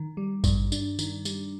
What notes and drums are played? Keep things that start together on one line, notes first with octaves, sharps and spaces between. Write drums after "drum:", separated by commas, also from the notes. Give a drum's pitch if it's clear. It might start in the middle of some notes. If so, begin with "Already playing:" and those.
Already playing: D#3
G3
G2, drum: kick G#1, tambourine
D4, drum: tambourine
D#3, drum: tambourine
G3, drum: tambourine